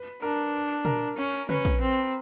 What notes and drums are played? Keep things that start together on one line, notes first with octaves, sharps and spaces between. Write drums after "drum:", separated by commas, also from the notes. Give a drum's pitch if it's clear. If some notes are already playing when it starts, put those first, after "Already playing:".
Already playing: B4
D4 A#4
A#4, drum: tom
C#4
C#4 B4, drum: tom
drum: kick
C4